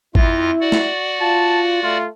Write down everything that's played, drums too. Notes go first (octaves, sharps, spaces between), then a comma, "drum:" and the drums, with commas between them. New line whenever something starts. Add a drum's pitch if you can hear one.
F2 E4 F4 A#6, drum: kick G#1
F#4 D5 F#5
drum: snare
F4 A5
A3 F4